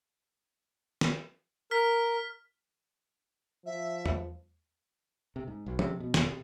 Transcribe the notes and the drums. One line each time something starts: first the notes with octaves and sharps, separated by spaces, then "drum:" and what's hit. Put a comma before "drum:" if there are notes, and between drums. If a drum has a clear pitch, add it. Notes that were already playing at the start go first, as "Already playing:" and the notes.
drum: snare
A#4 F6 B6
F3 E5
drum: tom E2
C3
G#2
B1
C3, drum: tom
B2
E1, drum: snare
C3